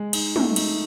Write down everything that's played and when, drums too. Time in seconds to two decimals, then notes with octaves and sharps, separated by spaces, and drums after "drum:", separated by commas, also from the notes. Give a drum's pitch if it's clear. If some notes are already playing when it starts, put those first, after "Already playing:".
Already playing: G#3
0.13 D#4, drum: cymbal
0.36 A3, drum: tom
0.56 D#4, drum: cymbal